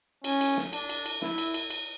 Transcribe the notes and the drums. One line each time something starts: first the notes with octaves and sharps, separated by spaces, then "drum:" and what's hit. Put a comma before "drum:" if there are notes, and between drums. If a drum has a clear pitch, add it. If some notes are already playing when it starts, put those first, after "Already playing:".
C#4, drum: cymbal
drum: cymbal
drum: snare
D4, drum: cymbal
drum: cymbal
drum: cymbal
E4, drum: snare
drum: cymbal
drum: cymbal
drum: cymbal